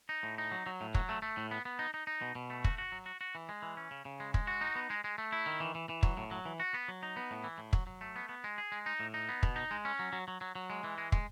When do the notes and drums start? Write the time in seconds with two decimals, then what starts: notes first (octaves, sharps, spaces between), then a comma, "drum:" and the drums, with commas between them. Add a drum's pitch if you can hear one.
0.09 D#4
0.23 A2
0.38 D#4
0.52 F#3
0.66 F#3
0.81 A2
0.95 F#3, drum: kick
1.09 A3
1.22 A3
1.37 A2
1.51 B3
1.65 B3
1.79 D#4
1.94 D#4
2.07 D#4
2.22 B2
2.35 B2
2.50 A3
2.64 F#4, drum: kick
2.78 F#4
2.92 F#3
3.06 F#4
3.21 F#4
3.35 E3
3.49 G#3
3.62 E3
3.77 C#4
3.91 C#3
4.05 C#3
4.20 G#3
4.34 G#3, drum: kick
4.47 F#4
4.61 D#4
4.76 B3
4.90 G#3
5.04 G#3
5.18 A3
5.32 E4
5.46 D#3
5.60 E3
5.75 E3
5.89 E3
6.03 F#3, drum: kick
6.17 A2
6.31 F#3
6.45 E3
6.60 F#4
6.74 B3
6.88 F#3
7.03 D#4
7.16 B3
7.31 A2
7.44 E3
7.58 A2
7.73 F#3, drum: kick
7.87 F#3
8.01 A3
8.16 B3
8.29 B3
8.44 G#3
8.58 G#4
8.72 G#3
8.86 D#4
9.00 A2
9.14 D#4
9.29 B3
9.43 B2, drum: kick
9.56 D#4
9.71 G#3
9.85 C#4
9.99 F#3
10.13 F#3
10.28 F#3
10.41 F#3
10.55 F#3
10.70 G#3
10.84 E3
10.98 G#3
11.12 G#3, drum: kick